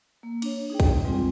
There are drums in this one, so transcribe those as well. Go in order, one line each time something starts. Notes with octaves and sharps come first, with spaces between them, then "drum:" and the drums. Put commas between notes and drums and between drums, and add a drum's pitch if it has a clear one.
A#3
D4 C#5, drum: cymbal
D#4 G#4 G5
drum: kick, cymbal
G3 G#3 C4 F4